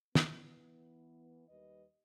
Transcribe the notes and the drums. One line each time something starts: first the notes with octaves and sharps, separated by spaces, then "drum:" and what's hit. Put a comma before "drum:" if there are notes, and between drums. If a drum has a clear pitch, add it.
E3 B3, drum: snare
D#2 G3 B4 D#5